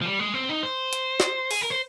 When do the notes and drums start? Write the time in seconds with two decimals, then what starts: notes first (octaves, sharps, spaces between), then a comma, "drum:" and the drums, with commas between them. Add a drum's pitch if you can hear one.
0.01 F3
0.06 G3
0.19 G#3
0.34 C4
0.49 D#4
0.63 C5
0.93 drum: hi-hat
1.20 drum: snare
1.51 G#4, drum: open hi-hat
1.61 A#4
1.70 C5